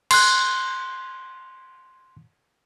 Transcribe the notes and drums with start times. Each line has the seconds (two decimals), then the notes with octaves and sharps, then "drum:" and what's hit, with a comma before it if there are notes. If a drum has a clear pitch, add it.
0.11 C6 F#6, drum: cymbal